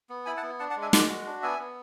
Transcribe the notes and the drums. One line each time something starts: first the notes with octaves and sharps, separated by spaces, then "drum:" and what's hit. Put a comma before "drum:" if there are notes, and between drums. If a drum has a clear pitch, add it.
B3
E4 G#5 B5
F#5 A5
B3
D4 F#5 A5
F#5 A5
G#3
E5 G#5
G#3 D5 F#5, drum: snare
F#4
D4
B3 E5 G#5
B3